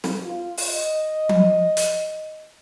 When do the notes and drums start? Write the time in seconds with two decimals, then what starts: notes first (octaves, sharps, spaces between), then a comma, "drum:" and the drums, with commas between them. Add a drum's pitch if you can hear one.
0.04 drum: snare
0.24 F4
0.57 drum: open hi-hat
0.69 D#5
1.29 drum: tom F3
1.77 drum: hi-hat